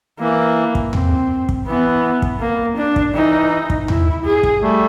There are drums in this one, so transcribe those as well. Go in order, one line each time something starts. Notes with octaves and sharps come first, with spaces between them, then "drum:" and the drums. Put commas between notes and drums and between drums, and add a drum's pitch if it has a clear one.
E3 A#3
drum: kick
C4, drum: tom
drum: kick
E3 B3
drum: kick
A#3
D4
drum: kick
E3 D#4
drum: kick
E4, drum: tom
G#4
drum: kick
G3 A3